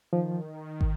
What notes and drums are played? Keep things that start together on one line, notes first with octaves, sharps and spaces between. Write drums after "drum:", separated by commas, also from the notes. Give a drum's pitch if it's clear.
D#3 F3
drum: kick